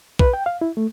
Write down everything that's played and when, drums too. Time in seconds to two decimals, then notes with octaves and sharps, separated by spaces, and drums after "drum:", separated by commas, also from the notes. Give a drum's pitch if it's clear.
0.19 B4, drum: kick
0.33 G5
0.46 F5
0.61 E4
0.77 A3